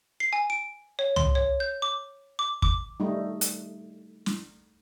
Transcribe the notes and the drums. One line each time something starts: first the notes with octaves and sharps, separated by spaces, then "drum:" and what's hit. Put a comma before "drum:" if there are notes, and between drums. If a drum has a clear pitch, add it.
C7
G#5
D7
C#5
C6, drum: tom
C#5
G6
D6
D6
D6, drum: kick
G3 A3 D#4
drum: hi-hat
drum: snare